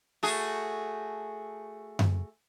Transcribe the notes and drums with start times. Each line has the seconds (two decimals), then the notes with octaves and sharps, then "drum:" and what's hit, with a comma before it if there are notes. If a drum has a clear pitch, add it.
0.23 A3 F#4 G#4
1.99 drum: tom F#2